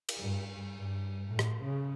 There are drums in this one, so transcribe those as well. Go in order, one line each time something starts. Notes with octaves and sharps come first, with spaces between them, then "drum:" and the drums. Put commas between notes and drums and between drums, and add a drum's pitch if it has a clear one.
drum: cymbal
G2
G2
A2
drum: rim click
C#3